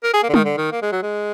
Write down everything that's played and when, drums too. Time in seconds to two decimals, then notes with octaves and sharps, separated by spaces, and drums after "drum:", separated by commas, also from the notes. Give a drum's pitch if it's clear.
0.04 A#4
0.14 G#4
0.23 A#3
0.29 D3
0.34 D#3, drum: tom G3
0.45 D3
0.57 D#3
0.72 A#3
0.82 G#3
0.92 F#3
1.03 G#3